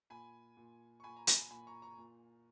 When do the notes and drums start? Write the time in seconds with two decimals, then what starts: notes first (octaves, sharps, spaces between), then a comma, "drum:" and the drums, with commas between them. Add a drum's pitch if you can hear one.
0.10 A#2 G#5 B5
0.57 A#2
1.00 C#6
1.04 A#2 G#5 B5
1.16 A#5
1.27 G#5 B5, drum: hi-hat
1.51 A#2 G#5 B5
1.67 A#5 C#6
1.82 A#5 C#6
1.98 A#2